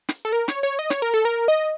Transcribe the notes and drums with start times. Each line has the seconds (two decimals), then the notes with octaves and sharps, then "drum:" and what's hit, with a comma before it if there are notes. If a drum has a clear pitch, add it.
0.09 drum: snare
0.25 A4
0.33 A#4
0.48 C#5, drum: snare
0.63 C#5
0.79 D#5
0.90 C#5, drum: snare
1.02 A#4
1.14 A4
1.25 A#4
1.48 D#5